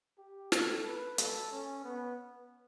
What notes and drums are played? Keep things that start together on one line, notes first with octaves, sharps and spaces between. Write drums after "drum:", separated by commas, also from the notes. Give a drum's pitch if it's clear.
G4
A4, drum: snare
B4
A4, drum: hi-hat
C#4
B3